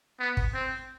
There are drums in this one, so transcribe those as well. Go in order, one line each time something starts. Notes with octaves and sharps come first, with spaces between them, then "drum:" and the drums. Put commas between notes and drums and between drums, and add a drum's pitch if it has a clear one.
B3
drum: kick G#1
C4